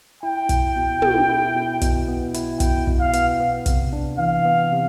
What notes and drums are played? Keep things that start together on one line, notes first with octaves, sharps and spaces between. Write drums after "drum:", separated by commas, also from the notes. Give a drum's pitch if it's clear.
E4 G5
B2, drum: kick, hi-hat
B2
B3, drum: tom
E4
B2
B2, drum: kick, hi-hat
B3
E4, drum: hi-hat
B2 G5, drum: kick, hi-hat
B2, drum: kick
F5
B3, drum: hi-hat
B3
C3, drum: kick, hi-hat
D4
E3 F5
B3
C3